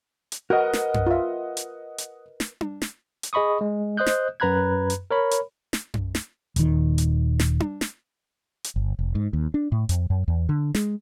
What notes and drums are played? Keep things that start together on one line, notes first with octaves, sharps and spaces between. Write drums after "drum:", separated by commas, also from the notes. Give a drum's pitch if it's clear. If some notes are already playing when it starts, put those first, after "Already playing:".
drum: hi-hat
F#4 A#4 B4 D#5 F#5
drum: snare
drum: tom F#2
F4 E5
drum: hi-hat
drum: hi-hat
drum: snare
drum: tom D4
drum: snare
drum: hi-hat
G#4 D#5 B5 C#6 D#6
G#3
C5 D#5 D#6 F#6 G6
drum: snare
F#2 B4 A#5 B5 F#6 G#6
drum: hi-hat
A#4 C#5 B5
drum: hi-hat
drum: snare
drum: tom F#2
drum: snare
D#1 D#3, drum: hi-hat
drum: hi-hat
drum: snare
drum: tom D4
drum: snare
drum: hi-hat
G1
F1
G#2
D#2
D4
A2
F2, drum: hi-hat
F#2
E2
D3
G#3, drum: snare